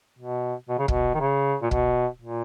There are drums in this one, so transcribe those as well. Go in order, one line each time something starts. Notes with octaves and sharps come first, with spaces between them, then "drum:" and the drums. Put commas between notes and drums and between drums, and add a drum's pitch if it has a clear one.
B2
B2
C#3
B2, drum: kick
D#3
C#3
A#2
B2, drum: kick
A#2